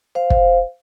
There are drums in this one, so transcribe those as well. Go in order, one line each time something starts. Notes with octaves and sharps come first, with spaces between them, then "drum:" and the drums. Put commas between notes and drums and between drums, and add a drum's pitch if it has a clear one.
C5 F5
drum: kick